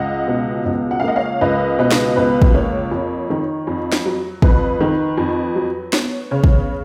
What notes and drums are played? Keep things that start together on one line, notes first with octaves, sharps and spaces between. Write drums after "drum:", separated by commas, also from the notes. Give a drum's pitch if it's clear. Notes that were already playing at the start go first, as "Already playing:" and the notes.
Already playing: C#2 D#5 F#5
B2
C#2
F#5
F5
A#3 D#5 F#5
C#5 F5
C#2 B4 D#5
B2 B4 D#5
drum: snare
C#2 B4
drum: kick
A#3 C#5
F2
D#3
F2
drum: snare
F#3
F2 B4, drum: kick
D#3
F2
F#3
B3 C#5, drum: snare
C#3 C#5
drum: kick